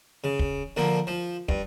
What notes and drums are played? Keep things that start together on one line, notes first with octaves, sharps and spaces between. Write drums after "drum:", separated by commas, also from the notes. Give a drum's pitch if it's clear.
C#3
drum: kick
D3 F3 A#3
F3
G2, drum: kick